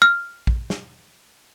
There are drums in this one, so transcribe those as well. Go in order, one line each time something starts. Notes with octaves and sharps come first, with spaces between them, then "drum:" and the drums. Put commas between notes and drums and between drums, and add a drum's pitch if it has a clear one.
F6
drum: kick
drum: snare